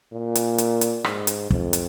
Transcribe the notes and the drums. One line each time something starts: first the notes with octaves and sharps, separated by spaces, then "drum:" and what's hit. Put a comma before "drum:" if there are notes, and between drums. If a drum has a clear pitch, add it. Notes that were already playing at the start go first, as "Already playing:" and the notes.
A#2
drum: hi-hat
drum: hi-hat
drum: hi-hat
G#2, drum: rim click
drum: hi-hat
F2, drum: kick
drum: hi-hat